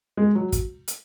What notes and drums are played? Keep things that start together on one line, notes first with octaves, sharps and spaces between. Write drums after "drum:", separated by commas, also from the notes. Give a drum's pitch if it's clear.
G#3
F#3
drum: kick, hi-hat
drum: hi-hat